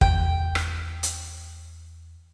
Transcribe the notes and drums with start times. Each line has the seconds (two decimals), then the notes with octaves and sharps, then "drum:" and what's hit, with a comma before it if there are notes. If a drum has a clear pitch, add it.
0.01 E2 G5, drum: kick
0.55 drum: rim click
1.03 drum: hi-hat